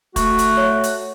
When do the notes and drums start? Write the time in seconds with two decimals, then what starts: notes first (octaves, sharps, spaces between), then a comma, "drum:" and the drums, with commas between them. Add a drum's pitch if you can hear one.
0.16 A3 F#4 C#6, drum: kick, hi-hat
0.39 drum: hi-hat
0.57 C#5
0.84 drum: hi-hat